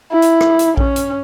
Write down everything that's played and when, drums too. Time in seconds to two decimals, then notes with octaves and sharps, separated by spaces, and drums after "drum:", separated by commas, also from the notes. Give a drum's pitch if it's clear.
0.12 E4
0.22 drum: hi-hat
0.41 drum: rim click
0.59 drum: hi-hat
0.77 C#4, drum: kick A#1
0.96 drum: hi-hat